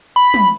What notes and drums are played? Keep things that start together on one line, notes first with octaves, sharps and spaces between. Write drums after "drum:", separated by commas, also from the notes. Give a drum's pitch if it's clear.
B5
drum: tom